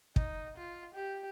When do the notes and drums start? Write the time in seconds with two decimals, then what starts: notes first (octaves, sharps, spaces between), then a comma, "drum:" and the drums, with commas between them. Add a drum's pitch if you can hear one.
0.16 D#4, drum: kick
0.57 F4
0.95 G4